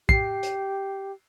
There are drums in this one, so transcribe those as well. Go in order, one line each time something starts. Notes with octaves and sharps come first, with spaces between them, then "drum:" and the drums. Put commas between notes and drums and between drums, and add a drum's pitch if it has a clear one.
G4 C7, drum: kick
drum: hi-hat